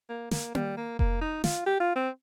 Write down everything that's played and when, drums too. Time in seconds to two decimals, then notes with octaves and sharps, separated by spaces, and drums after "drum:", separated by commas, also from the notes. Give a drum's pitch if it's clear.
0.09 A#3
0.31 A#3, drum: snare
0.55 G3, drum: tom A#3
0.77 A#3
0.99 A#3, drum: kick F1
1.21 D#4
1.44 F4, drum: snare
1.66 G4
1.80 F4
1.96 C4